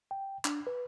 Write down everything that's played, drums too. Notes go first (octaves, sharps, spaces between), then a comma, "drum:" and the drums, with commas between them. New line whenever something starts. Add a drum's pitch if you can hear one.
G5
D4, drum: clap
B4